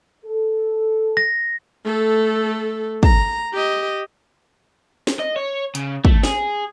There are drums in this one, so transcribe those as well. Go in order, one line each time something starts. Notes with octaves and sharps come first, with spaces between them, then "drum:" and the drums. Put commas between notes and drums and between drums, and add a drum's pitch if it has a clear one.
A4
A#6
A3 A4
A#5, drum: kick
G4 D#5
drum: snare
D#5
C#5
C#3, drum: hi-hat
A3, drum: kick
G#4, drum: snare